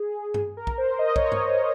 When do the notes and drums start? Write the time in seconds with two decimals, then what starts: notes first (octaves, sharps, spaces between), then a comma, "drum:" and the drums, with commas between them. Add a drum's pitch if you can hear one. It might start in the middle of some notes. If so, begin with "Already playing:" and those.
Already playing: G#4
0.34 G#4, drum: tom G2
0.57 A#4
0.67 drum: kick
0.78 C5
0.99 D#5
1.16 C#5, drum: kick
1.32 drum: tom G2